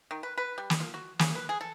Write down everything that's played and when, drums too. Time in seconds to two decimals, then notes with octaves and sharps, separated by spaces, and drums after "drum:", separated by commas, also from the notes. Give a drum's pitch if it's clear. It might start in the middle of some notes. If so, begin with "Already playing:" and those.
0.11 D#3
0.23 B4
0.38 B4
0.58 G3
0.70 drum: snare
0.80 F4
0.94 F#4
1.19 C#3, drum: snare
1.35 B4
1.49 G#4
1.61 A4